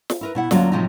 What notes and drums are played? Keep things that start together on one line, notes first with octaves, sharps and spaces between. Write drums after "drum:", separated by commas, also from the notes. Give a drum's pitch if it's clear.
drum: snare
E4 A#4 B4
B2 E4 F#5
D2 F#3 A#3 C#4 F4, drum: snare
A2 C3 F3 F#3 A#3 D#4